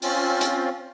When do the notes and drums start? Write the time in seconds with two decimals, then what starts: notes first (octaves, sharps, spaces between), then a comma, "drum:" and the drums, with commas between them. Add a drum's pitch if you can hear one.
0.02 C4 C#4 F4, drum: open hi-hat
0.41 drum: hi-hat